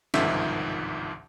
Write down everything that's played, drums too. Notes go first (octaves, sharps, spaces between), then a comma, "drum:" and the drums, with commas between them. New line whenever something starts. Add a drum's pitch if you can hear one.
G1 C2 G#2 D#3 F3 E5, drum: snare